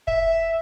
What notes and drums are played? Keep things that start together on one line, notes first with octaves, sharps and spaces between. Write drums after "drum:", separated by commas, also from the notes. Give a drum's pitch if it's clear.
E5, drum: kick